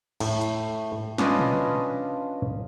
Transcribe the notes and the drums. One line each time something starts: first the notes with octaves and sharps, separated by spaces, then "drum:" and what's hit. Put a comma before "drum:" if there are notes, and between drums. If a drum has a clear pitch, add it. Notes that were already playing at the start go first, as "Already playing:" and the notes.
A2, drum: cymbal
drum: hi-hat
C#4 D4 F4 B4 D5 D#5, drum: snare
drum: tom A#2